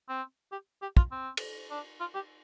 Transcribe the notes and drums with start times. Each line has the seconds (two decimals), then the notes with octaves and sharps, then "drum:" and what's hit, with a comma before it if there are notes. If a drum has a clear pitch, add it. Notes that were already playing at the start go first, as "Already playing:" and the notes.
0.09 C4
0.52 G4
0.82 G4
0.97 F4, drum: kick
1.11 C4
1.37 drum: cymbal
1.71 D4
2.00 F4
2.15 G4